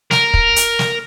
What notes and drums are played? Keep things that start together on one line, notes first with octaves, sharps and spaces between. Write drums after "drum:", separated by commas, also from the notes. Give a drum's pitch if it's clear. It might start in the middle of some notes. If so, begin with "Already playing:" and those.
A#4, drum: snare
drum: kick
drum: hi-hat
drum: snare